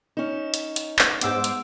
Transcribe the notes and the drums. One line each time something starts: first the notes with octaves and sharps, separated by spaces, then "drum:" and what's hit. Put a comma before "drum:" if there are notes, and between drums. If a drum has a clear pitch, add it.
C#4 D#4 E7
drum: hi-hat
drum: hi-hat
drum: clap
G#2 B3 C5 F#5 D6 E6, drum: hi-hat
drum: hi-hat